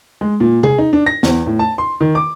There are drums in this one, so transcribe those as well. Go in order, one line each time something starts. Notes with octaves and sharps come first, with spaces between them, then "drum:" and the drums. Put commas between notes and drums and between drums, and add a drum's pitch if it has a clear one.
G#3
A#2
G#4, drum: tom C3
D#4
D4
A#6
E2, drum: snare
A2
A5
C6
D#3
D6